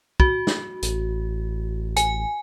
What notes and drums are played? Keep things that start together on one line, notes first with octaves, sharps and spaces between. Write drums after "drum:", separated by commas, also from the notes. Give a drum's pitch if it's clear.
F#4, drum: kick
drum: snare
A1, drum: hi-hat
G#5, drum: hi-hat